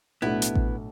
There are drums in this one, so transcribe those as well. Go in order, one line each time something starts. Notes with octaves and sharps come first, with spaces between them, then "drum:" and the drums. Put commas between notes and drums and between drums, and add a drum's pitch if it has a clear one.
B1 A2 A3 B3 D4 E4
drum: hi-hat
drum: kick A1